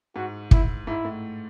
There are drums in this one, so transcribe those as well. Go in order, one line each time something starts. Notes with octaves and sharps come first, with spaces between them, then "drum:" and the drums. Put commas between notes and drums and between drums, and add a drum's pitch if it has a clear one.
G#2 F#4
E4, drum: kick
G#2 E4
A2